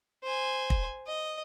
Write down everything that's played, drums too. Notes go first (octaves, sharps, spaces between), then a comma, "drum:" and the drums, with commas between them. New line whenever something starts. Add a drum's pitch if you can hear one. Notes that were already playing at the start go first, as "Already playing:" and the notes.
C5 G#5
drum: kick
D#5